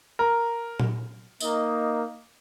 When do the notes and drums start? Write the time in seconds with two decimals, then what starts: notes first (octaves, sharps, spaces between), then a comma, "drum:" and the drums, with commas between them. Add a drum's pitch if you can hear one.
0.19 A#4
0.80 drum: tom A#2
1.40 A#3 D#4 A#4 D#5, drum: tambourine